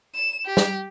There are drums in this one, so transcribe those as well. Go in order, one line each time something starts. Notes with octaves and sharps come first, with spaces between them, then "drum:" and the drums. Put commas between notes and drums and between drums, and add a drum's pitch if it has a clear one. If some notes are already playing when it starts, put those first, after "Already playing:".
E7
G4
drum: snare